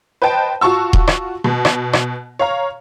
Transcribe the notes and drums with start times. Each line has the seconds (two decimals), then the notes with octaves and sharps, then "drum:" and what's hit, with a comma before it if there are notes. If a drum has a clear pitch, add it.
0.22 B4 C5 D#5 G5 A5
0.61 F4 F#4 A5 C#6 E6
0.93 drum: kick D#1
1.07 drum: rim click
1.44 B2
1.65 drum: rim click
1.93 drum: rim click
2.39 C#5 F5 A#5